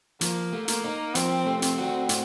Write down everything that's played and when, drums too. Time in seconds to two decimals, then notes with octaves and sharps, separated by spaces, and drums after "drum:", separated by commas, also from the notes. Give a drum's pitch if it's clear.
0.21 F3 A#3, drum: hi-hat
0.53 A3
0.68 A#3, drum: hi-hat
0.84 D#4
1.15 F3 C4, drum: hi-hat
1.46 A3
1.62 C4, drum: hi-hat
1.78 F#4
2.09 A2, drum: hi-hat